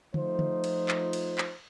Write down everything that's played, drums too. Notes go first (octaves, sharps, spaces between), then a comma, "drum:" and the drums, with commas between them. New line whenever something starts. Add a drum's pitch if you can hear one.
F3 A3 D#4 F4 C5, drum: tom
drum: tom
drum: cymbal
drum: clap
drum: cymbal
drum: clap